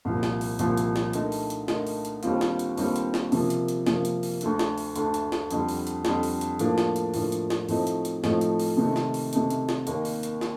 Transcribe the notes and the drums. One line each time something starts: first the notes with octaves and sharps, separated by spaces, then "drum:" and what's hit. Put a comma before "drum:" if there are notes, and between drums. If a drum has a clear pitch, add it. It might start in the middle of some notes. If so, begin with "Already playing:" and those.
C2 A#2 F3
drum: snare
drum: open hi-hat
C2 A#2 F3, drum: hi-hat
drum: hi-hat
drum: snare
D3 A3 D#4 A#4, drum: hi-hat
drum: open hi-hat
drum: hi-hat
D3 A3 D#4 A#4, drum: snare
drum: open hi-hat
drum: hi-hat
D#2 D3 G3 C4 F4, drum: hi-hat
drum: snare
drum: hi-hat
D#2 D3 G3 C4 F4, drum: open hi-hat
drum: hi-hat
drum: snare
C3 F3 A#3, drum: open hi-hat
drum: hi-hat
drum: hi-hat
C3 F3 A#3, drum: snare
drum: hi-hat
drum: open hi-hat
D2 D3 A3 D4, drum: hi-hat
drum: snare
drum: open hi-hat
D2 D3 A3 D4, drum: hi-hat
drum: hi-hat
drum: snare
F2 D3 G3, drum: hi-hat
drum: open hi-hat
drum: hi-hat
F2 D3 G3, drum: snare
drum: open hi-hat
drum: hi-hat
A2 F3 A#3 D4, drum: hi-hat
drum: snare
drum: hi-hat
A2 F3 A#3 D4, drum: open hi-hat
drum: hi-hat
drum: snare
A2 F3 A3 C4 D#4, drum: open hi-hat
drum: hi-hat
drum: hi-hat
A2 F3 A3 C4 D#4, drum: snare
drum: hi-hat
drum: open hi-hat
C3 D#3 A3
drum: snare
drum: open hi-hat
C3 D#3 A3, drum: hi-hat
drum: hi-hat
drum: snare
D#2 D#3 A#3, drum: hi-hat
drum: open hi-hat
drum: hi-hat
drum: snare